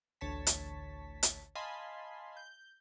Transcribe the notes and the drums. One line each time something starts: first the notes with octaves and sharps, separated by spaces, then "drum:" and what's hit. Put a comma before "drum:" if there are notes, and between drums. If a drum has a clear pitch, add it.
A1 D2 C#5 A5 B6
drum: hi-hat
drum: hi-hat
D#5 F5 G#5 A5 B5 C6
G6